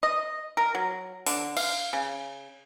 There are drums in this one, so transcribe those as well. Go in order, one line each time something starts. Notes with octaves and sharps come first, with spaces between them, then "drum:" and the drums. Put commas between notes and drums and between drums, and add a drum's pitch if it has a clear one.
D#5
A#4
F#3
D3, drum: open hi-hat
F5, drum: cymbal
C#3